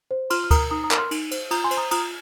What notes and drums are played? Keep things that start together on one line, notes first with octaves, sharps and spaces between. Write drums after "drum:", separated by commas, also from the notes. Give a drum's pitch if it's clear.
C5
F4 C6 F6, drum: cymbal
F6
A#4 A#5 D#6, drum: kick D2, cymbal
D#4 A#5 D#6
A#5 D#6
A#4, drum: clap
C6 F6
D#4, drum: cymbal
C5, drum: cymbal
F4 A#5 D#6, drum: cymbal
G#5 C6
C5, drum: cymbal
A#5 D#6
F4 A#5 D#6, drum: cymbal